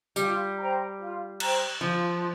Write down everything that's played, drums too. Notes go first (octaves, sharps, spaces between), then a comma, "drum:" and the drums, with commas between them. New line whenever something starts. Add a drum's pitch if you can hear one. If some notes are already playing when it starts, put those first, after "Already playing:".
G3 F4, drum: tambourine
C5 G5 A#5
F4
C5 G5 A#5, drum: cymbal
F3 F4